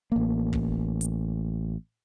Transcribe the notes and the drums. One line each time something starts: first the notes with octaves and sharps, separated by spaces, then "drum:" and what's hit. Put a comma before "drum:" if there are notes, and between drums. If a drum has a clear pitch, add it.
A1 A#3
drum: kick
drum: hi-hat